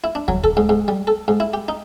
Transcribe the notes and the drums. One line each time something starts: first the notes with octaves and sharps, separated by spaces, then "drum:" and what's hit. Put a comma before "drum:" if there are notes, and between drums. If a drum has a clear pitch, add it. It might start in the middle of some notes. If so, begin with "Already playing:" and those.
E4
D4
F#3, drum: kick
A4, drum: kick
G#2
G#2
G3
A4
G#2
E4
G4
D#4